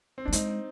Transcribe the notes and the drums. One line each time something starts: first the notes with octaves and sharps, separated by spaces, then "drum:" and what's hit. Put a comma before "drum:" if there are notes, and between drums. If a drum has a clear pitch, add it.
C4
G3 D4
G#3 C4 D#4, drum: hi-hat